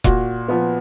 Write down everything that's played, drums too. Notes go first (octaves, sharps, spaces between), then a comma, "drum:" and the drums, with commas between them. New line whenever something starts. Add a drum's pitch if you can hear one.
A#2 F#4, drum: kick E1
F3 B3